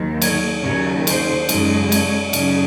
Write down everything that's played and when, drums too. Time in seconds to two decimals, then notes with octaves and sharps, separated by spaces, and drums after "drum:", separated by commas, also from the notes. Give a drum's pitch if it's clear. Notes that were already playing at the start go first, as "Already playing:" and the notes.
Already playing: D#2 D#3 F#3
0.22 C#5, drum: cymbal
0.63 D#2 C#3 F#3 C#4 C#5
1.07 C5, drum: cymbal
1.49 F#2 C#3 G#3, drum: cymbal
1.92 C#5, drum: cymbal
2.33 F#2 C#3, drum: cymbal